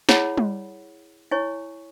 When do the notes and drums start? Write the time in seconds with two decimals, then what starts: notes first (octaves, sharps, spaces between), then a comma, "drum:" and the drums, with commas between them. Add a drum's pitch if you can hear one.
0.09 E4 G#4 C#5 F#5 B5, drum: snare
0.37 drum: tom G3
1.31 E4 C#5 G#5 C#6